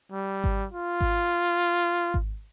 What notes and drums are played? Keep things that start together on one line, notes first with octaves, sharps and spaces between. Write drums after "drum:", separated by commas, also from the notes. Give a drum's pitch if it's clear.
G3
drum: kick G#1
F4
drum: kick G#1
drum: kick G#1